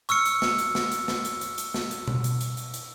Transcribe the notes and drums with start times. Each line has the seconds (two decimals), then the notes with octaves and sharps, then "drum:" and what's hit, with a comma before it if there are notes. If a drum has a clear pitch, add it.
0.09 C#6 E6 F6 C#7, drum: hi-hat
0.25 drum: hi-hat
0.42 drum: snare
0.59 drum: hi-hat
0.75 drum: snare
0.92 drum: hi-hat
1.08 drum: snare
1.25 drum: hi-hat
1.41 drum: hi-hat
1.58 drum: hi-hat
1.74 drum: snare
1.91 drum: hi-hat
2.08 drum: tom B2
2.24 drum: hi-hat
2.41 drum: hi-hat
2.57 drum: hi-hat
2.74 drum: hi-hat